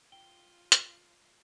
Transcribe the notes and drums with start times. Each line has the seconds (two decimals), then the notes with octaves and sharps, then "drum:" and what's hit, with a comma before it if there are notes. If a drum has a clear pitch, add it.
0.12 F4 G5 G7
0.72 drum: hi-hat